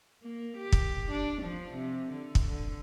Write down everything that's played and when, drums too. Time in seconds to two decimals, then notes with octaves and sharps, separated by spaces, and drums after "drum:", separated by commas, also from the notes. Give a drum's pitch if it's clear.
0.23 A#3
0.57 G4
0.72 drum: kick
1.11 D4
1.43 F3
1.74 C3
2.12 D3
2.35 drum: kick
2.46 D3